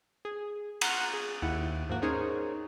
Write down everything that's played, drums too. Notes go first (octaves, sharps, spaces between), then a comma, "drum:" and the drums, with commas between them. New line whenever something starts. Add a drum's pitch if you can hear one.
G#4
F#5 A#5 C6 C#6 F6 F#6, drum: cymbal
G#4
D#2 E4 F#5
G#2 F3 A#3 F#4
C#4 D#4 G#4 A#4 C5 C#5